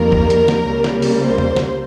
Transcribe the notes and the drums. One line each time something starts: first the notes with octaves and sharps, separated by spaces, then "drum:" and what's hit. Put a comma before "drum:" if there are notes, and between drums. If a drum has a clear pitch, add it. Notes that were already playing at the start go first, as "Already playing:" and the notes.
Already playing: F2 D#3 G3 A#3 A#4
drum: kick
drum: hi-hat
drum: snare
C#2 C#3 G3 A#3
drum: snare
drum: open hi-hat
C5
drum: tom E2
drum: snare